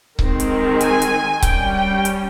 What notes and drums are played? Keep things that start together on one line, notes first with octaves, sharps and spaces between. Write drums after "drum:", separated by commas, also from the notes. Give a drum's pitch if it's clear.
D#3 G#3 C4, drum: kick C#1
drum: hi-hat
G#5, drum: hi-hat
drum: hi-hat
G3 C#4 G5, drum: kick C#1, hi-hat
G5
drum: hi-hat